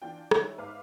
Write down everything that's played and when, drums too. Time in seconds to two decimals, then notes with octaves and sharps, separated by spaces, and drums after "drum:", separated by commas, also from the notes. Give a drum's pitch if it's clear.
0.02 E3 D4 F4 G5
0.31 D#3 G3 C#4 E4, drum: rim click
0.58 G#2 B4 E5 F5 D6 F6